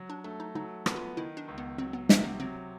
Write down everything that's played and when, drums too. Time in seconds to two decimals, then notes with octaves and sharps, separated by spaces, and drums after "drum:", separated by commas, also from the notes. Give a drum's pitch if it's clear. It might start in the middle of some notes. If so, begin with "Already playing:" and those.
Already playing: F#3
0.10 D4
0.24 A3 D4
0.40 D#4
0.55 F#3 D#4
0.86 B3, drum: rim click
0.96 F4
1.17 D#3 E4
1.37 D4
1.48 C#2
1.58 B3
1.78 F#3 C4
1.93 B3
2.09 C3 A#3, drum: snare
2.24 B3
2.40 F#3 C4